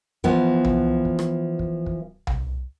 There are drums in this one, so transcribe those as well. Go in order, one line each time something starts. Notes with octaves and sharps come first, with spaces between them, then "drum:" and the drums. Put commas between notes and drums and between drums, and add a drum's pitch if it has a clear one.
E3 F3 B3, drum: kick
drum: tom C2
drum: kick
drum: rim click
drum: kick
drum: kick
drum: tom C2